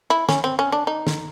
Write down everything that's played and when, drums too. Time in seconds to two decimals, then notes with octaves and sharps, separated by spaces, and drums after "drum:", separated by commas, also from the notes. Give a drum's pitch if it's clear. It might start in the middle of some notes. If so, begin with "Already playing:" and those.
0.10 E4
0.29 C#4, drum: snare
0.44 C4
0.59 C#4
0.72 D4
0.87 D#4
1.07 drum: snare